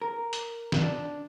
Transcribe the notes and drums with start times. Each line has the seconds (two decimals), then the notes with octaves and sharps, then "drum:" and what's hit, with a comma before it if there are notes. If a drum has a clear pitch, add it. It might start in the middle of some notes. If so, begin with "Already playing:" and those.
0.02 A#4
0.33 drum: hi-hat
0.72 drum: snare
0.82 D4